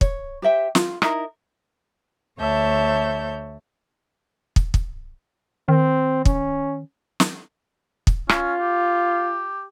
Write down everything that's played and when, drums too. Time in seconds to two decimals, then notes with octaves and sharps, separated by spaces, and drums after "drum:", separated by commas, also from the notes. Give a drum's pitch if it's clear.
0.01 C#5, drum: kick
0.42 G4 C5 E5 G5
0.75 F4, drum: snare
1.02 D#4 E4 A#4, drum: rim click
2.38 D2 C#5 E5 A5 G6
4.56 drum: kick
4.74 drum: kick
5.69 D#3 C4
6.25 C#4, drum: kick
7.20 drum: snare
8.07 drum: kick
8.29 C#4 F4, drum: rim click
8.60 G4